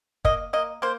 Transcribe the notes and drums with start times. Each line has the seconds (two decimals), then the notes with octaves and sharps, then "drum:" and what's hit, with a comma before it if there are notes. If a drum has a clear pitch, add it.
0.25 A#3 D#5, drum: kick
0.53 A#3 D#5
0.82 A#3 C5